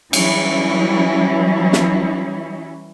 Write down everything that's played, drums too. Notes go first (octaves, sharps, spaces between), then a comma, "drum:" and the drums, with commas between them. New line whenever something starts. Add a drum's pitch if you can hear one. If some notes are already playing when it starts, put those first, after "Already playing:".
E3 F#3 G3 C#4 E4, drum: cymbal
drum: snare